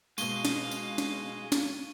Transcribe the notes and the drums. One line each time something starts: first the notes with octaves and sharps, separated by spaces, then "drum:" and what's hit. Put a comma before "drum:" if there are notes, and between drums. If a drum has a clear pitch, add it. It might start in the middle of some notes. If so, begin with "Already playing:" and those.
G#2 B2 G#3 F5 C#6 D#7 G7, drum: tambourine
drum: snare
drum: tambourine
drum: snare
drum: snare